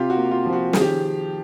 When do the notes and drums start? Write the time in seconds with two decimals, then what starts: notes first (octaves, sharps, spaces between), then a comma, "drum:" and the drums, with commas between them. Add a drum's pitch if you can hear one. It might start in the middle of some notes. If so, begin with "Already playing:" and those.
Already playing: C3 F4 G4
0.10 F#4
0.17 A#3
0.31 F4
0.46 F3
0.53 F#4
0.73 D#3 G#4, drum: snare
0.81 G4